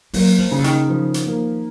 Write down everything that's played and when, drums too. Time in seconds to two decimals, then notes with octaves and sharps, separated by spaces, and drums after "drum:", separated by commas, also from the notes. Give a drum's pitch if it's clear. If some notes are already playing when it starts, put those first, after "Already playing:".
0.14 F#3 A#3, drum: open hi-hat
0.39 F3
0.51 C#3
0.59 D3
0.64 D#3, drum: hi-hat
0.89 F3
1.14 drum: hi-hat
1.26 A#3